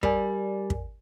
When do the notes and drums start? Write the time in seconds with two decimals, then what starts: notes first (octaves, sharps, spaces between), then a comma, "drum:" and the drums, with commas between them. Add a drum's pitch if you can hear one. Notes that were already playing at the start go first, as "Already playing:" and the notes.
0.03 G3 A#4 D5 G#5, drum: kick
0.70 drum: kick